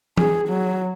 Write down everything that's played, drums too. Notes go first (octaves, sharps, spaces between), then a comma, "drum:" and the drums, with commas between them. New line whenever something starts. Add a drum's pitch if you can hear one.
G#4, drum: tom E3
F#3